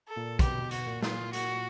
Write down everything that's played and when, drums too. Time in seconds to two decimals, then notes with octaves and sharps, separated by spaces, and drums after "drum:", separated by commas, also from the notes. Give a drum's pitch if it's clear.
0.09 A4
0.16 A#2
0.39 B2 G4, drum: kick, hi-hat
0.71 F#4, drum: hi-hat
0.86 A#2
1.02 F4, drum: snare
1.33 F#4, drum: hi-hat